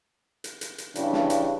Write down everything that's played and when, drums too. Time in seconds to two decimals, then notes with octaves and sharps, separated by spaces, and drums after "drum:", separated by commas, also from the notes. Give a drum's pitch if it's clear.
0.44 drum: hi-hat
0.61 drum: hi-hat
0.78 drum: hi-hat
0.95 G2 C#3 E3 D4, drum: hi-hat
1.13 drum: snare
1.30 drum: hi-hat